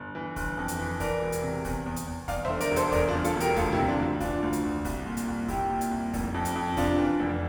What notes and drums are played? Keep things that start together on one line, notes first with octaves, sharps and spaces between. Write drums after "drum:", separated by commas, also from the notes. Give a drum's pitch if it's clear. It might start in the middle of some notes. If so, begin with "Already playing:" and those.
Already playing: G1
E3
G1, drum: kick, open hi-hat
F2
drum: hi-hat
E3
E3 A#4 D5, drum: kick, open hi-hat
E1
drum: hi-hat
C3
E2, drum: kick, open hi-hat
E2
drum: hi-hat
E2
E2 D5 F5, drum: kick, open hi-hat
C5 E5, drum: snare G3
D3
A#4 D5, drum: hi-hat
E1
A4 C5, drum: hi-hat
E2 A#4 D5, drum: kick, open hi-hat
D4 F4, drum: snare G3
E2
F4 A4, drum: hi-hat
E1
G4 A#4, drum: hi-hat
D2 F4 A4, drum: kick, open hi-hat
E4 G4, drum: snare G3
C3
D4 F4
D2
E3 D4 F4, drum: kick, open hi-hat
D2
drum: hi-hat
D2
C2, drum: kick, open hi-hat
A#2
drum: hi-hat
C2
A#2 E4 G4, drum: kick, open hi-hat
A#2
drum: hi-hat
C2
F1, drum: kick, open hi-hat
F2
drum: hi-hat
F2
C3 D4 F4, drum: kick, open hi-hat
E3
F1